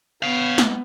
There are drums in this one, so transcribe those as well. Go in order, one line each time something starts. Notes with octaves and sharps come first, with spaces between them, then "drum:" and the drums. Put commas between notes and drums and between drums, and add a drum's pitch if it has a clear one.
B3 C#5 F5
drum: snare